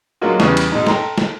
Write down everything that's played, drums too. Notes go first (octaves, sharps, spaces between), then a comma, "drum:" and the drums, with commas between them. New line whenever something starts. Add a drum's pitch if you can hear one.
D3 F#3 G#3 A#3 F4 F#4
E2 C#3 G3 B4 C#6, drum: snare
drum: cymbal
G#2 B2 G#3
A4 G5 A#5 C6, drum: snare
drum: snare